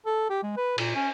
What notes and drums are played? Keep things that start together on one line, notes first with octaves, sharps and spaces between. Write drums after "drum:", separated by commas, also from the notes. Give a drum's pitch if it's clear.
A4
G4
G#3
B4
A#2, drum: cymbal
C#4